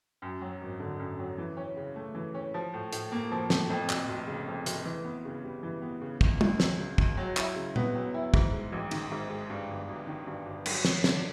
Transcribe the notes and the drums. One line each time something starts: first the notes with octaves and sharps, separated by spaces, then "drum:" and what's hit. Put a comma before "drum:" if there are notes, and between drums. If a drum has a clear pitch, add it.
F#2
F#3
G#1
D3
F#2
F#3
E3
C#4
C#3
A3
E3
C#4
F3
A2
A2, drum: hi-hat
A#3
F3
A2, drum: snare
F2
F1, drum: clap
F1
C#3
F2
F1, drum: hi-hat
E3
B3
C#3
G3
E3
B3
C#3
C#2, drum: kick
C#2, drum: tom
F#3, drum: snare
C#3
C#2, drum: kick
F#3
E4, drum: clap
C#3
B3, drum: tom A#2
F#3
E4
G#2, drum: kick
G#3
A1
D#3, drum: cymbal
G#2
G#3
G2
G1
G1
D#3
G2
G1
F#3, drum: cymbal
C#4, drum: snare
D3, drum: snare